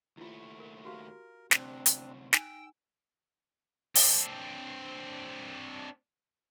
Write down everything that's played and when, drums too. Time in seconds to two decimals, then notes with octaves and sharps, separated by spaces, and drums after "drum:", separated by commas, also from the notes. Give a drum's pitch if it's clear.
0.17 D#2 A3 E4 F4
0.60 A#4
0.85 F#4 G4 A#4 F5
1.51 D2 C3 C4 D4, drum: snare
1.86 drum: hi-hat
2.33 D#4 G5 G#5 E6, drum: snare
3.95 C4 D4, drum: open hi-hat